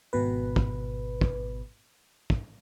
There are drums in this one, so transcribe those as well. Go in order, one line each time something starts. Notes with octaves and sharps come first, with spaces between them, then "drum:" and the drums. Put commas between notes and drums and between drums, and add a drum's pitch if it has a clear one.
G#1 B2 B4
drum: kick
drum: kick
drum: kick